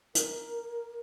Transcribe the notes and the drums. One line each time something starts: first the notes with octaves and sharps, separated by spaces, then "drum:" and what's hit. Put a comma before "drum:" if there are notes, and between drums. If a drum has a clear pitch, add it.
A#4, drum: hi-hat